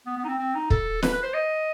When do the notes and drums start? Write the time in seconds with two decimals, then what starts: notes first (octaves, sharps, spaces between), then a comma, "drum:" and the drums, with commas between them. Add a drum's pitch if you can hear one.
0.06 B3
0.18 B3
0.24 D#4
0.28 C4
0.39 C4
0.55 D#4
0.70 A4, drum: kick
1.03 B4, drum: snare
1.13 B4
1.23 C5
1.34 D#5